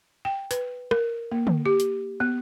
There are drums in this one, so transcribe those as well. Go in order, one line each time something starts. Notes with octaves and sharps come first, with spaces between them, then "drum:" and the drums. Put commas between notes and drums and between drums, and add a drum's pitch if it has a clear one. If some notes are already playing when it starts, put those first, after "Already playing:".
G5
B4, drum: hi-hat
A#4, drum: rim click
A#3
drum: tom D3
G4
drum: hi-hat
B3